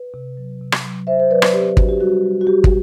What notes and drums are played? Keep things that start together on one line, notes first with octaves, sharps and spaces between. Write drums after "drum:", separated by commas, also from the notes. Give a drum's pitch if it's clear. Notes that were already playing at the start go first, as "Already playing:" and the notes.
Already playing: B4
C3
F#3
C3
drum: rim click
F#3
C3 C5 E5
C5
F#3 B4 D5
drum: rim click
C4 G4
D4 F#4, drum: kick
G4
G3 F#4
G3
F#4
G3 G4
drum: kick